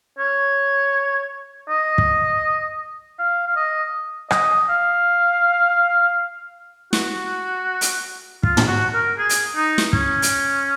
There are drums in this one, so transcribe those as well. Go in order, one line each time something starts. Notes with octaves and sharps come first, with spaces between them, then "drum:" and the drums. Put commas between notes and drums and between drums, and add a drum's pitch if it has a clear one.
C#5
D#5
drum: kick
F5
F5
D#5
D#5, drum: rim click
F5
F#4, drum: snare
drum: hi-hat
F4, drum: kick
drum: tom
F#4
A#4
G#4
drum: hi-hat
D#4
drum: snare
C#4, drum: kick
drum: hi-hat